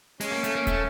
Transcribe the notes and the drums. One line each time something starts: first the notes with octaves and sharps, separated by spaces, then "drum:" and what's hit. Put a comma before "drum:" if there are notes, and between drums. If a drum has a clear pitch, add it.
G#3 C#4, drum: open hi-hat
A#3
A3, drum: hi-hat
A#3
A3, drum: kick, hi-hat